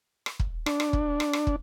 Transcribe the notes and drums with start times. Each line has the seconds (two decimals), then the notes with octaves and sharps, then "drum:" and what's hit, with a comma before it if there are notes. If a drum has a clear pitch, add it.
0.26 drum: rim click
0.39 drum: kick
0.66 D4, drum: rim click
0.80 drum: rim click
0.93 drum: kick
1.20 drum: rim click
1.33 drum: rim click
1.47 drum: kick